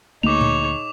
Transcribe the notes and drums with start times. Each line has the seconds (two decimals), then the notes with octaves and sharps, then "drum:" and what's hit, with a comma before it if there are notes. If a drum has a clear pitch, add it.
0.23 D2 A3 A#3 D#4 G#4 C#5 D6 F7
0.41 drum: tom A#2